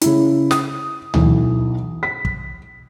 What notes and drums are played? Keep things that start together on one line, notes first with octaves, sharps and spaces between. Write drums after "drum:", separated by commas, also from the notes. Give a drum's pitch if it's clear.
C#3 E4, drum: hi-hat
D#6, drum: snare
B1 E3, drum: tom D2
B6
drum: kick